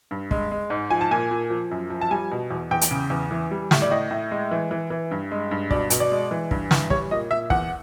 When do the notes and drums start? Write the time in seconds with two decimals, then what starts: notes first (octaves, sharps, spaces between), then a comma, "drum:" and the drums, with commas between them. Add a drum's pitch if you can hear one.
0.11 G2
0.31 G#3, drum: kick
0.51 G#3
0.70 G#2
0.90 F3 G#5
1.01 A5
1.11 A#2 G#5
1.31 A#2
1.50 F3
1.71 F#2
1.90 F3
2.01 A5
2.11 G3 G#5
2.31 B2
2.51 E2
2.71 E2 G5
2.81 drum: hi-hat
2.91 C#3
3.10 E2
3.31 E3
3.51 G3
3.71 A2, drum: snare
3.82 D5
3.91 A2 D#5
4.11 A2
4.31 G#3
4.51 E3
4.71 E3
4.90 E3
5.11 G2
5.31 G#3
5.51 G2
5.71 B2 D5, drum: kick
5.90 B2, drum: hi-hat
6.00 D5
6.11 G#3
6.31 E3
6.51 G2, drum: kick
6.71 E3, drum: snare
6.90 G3 C#5, drum: kick
7.11 A#2 D#5
7.31 A#2 E5
7.50 E2 F#5, drum: kick